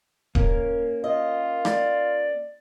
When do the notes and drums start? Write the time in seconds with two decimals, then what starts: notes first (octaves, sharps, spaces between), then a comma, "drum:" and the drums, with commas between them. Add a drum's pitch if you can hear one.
0.35 A#3 C#4 A#4, drum: kick D1
1.04 F4 D#5
1.65 D5, drum: rim click